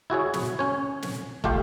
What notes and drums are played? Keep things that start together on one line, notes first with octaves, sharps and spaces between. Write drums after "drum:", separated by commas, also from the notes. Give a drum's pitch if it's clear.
E4 F#4 G#4 C#5
drum: snare
C#4 C#5
drum: snare
A3 F4 G4 F5, drum: kick